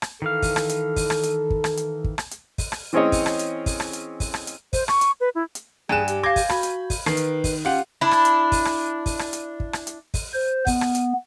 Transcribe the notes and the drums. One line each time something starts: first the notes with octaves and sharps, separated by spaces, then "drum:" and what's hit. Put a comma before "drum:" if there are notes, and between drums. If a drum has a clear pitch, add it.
drum: rim click
D#3 E3 A4 F5
drum: kick, open hi-hat
drum: rim click
drum: hi-hat
drum: kick, open hi-hat
drum: rim click
drum: hi-hat
drum: kick
drum: rim click
drum: hi-hat
drum: kick
drum: rim click
drum: hi-hat
drum: kick, open hi-hat
drum: rim click
E3 C4 C#4 G#4 C#5 D#5
drum: kick, open hi-hat
drum: rim click
drum: hi-hat
drum: kick, open hi-hat
drum: rim click
drum: hi-hat
drum: kick, open hi-hat
drum: rim click
drum: hi-hat
C5, drum: kick, open hi-hat
C#6, drum: rim click
drum: hi-hat
B4
E4
drum: hi-hat
G2 G#4 G5 G#5 F#6 E7
G4, drum: hi-hat
F5 D6 G6 G#6 A#6
drum: kick, open hi-hat
F#4 B5, drum: rim click
drum: hi-hat
drum: kick, open hi-hat
D#3 B4 C7, drum: rim click
drum: hi-hat
drum: kick, open hi-hat
C#4 F4 G4 F#5
D4 E4
drum: rim click
drum: hi-hat
drum: kick, open hi-hat
drum: rim click
drum: kick, open hi-hat
drum: rim click
drum: hi-hat
drum: kick
drum: rim click
drum: hi-hat
drum: kick, open hi-hat
C5
B3, drum: kick, open hi-hat
drum: rim click
drum: hi-hat